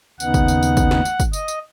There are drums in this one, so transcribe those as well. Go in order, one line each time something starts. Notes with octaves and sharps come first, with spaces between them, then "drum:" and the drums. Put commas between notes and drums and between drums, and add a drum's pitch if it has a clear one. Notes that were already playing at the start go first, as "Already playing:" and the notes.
D#2 C#3 B3 D#4 F#5, drum: tambourine
drum: kick, tambourine
drum: tambourine
drum: tambourine
drum: kick, tambourine
drum: snare
drum: tambourine
drum: kick, tambourine
D#5, drum: tambourine
drum: tambourine